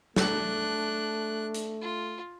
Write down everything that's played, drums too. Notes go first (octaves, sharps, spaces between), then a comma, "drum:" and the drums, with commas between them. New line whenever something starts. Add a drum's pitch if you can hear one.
A3 D4 F#6, drum: snare
drum: hi-hat
F4